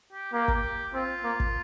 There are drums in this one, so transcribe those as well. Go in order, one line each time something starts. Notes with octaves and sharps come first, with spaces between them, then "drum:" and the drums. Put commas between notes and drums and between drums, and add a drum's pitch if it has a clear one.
G4
A#3 G4
drum: kick
C4 F4
A#3
drum: kick